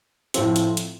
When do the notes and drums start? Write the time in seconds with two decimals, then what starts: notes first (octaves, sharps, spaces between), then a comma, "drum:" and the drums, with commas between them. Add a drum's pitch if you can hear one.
0.34 A2 F3 C4, drum: hi-hat
0.56 drum: hi-hat
0.77 drum: hi-hat